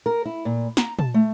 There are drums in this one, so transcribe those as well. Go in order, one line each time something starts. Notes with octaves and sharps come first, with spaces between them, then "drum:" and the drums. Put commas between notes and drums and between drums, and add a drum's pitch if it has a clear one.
A#4
E4
A#2
A#5, drum: snare
A5, drum: tom
A3